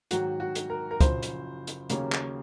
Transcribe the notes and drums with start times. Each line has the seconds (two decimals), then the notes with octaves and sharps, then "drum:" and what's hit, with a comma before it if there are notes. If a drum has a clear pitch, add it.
0.11 G#2 D#3 F#3 F#4, drum: hi-hat
0.40 F#4
0.55 drum: hi-hat
0.70 A#4
0.91 A#4
1.00 F#1 F#2 F3 C5, drum: kick, hi-hat
1.23 drum: hi-hat
1.67 drum: hi-hat
1.90 D#2 C#3 F#3 A#3 C#4, drum: hi-hat
2.12 drum: clap